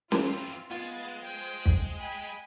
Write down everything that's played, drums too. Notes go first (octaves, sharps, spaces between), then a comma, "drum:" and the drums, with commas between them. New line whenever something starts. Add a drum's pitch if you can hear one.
E3 C4 F4, drum: snare
G#3 B3 F4 A6
C5 G5
drum: kick
G5 G#5 B5